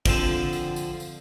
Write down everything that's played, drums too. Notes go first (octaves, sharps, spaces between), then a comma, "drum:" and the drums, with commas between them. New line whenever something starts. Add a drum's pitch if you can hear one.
D3 F3 C4 A5 D#6, drum: kick, tambourine
drum: tambourine
drum: tambourine
drum: tambourine